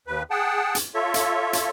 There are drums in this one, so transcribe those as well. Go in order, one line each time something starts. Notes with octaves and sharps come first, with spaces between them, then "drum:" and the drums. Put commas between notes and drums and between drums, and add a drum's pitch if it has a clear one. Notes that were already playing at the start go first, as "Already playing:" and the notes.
D#2 B4
G#4 F#5 G5 A5
drum: hi-hat
F4 A4 C#5 E5
drum: hi-hat
drum: hi-hat